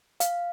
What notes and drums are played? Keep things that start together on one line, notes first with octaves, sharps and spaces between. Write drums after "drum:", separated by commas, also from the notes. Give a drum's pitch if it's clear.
F5, drum: hi-hat